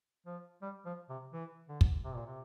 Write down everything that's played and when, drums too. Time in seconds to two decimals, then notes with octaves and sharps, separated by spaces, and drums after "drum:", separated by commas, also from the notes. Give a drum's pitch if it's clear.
0.26 F3
0.62 G3
0.86 F3
1.10 C3
1.33 E3
1.69 D3
1.81 drum: kick
2.04 C3
2.15 A#2
2.26 C3